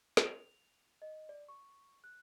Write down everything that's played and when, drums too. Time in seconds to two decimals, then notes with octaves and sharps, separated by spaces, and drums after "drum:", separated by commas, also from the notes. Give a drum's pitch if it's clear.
0.17 F7, drum: snare
1.02 D#5
1.29 D5
1.49 C#6
2.04 F#6